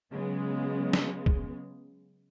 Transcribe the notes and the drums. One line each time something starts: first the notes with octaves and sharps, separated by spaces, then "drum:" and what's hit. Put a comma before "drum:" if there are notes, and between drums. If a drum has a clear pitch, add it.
C#3 F#3 G#3 B3
drum: snare
drum: kick